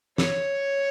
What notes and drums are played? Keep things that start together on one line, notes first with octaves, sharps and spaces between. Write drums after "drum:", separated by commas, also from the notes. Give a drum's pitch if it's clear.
C#5, drum: snare